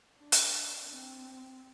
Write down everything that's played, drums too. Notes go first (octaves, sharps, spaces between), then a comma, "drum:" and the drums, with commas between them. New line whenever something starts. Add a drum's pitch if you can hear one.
D4
drum: hi-hat
C4